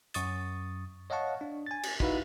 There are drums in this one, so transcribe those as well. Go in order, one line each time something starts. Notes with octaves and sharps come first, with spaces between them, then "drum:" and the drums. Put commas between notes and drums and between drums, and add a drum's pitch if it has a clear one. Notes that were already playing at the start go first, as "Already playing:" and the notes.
F#2 C#6 D#6 A6, drum: hi-hat
C#5 D#5 F5 F#5 A5 C#6
D4
G#5 A6
drum: cymbal
D#4 E4 F#4 B4 E5 F5, drum: kick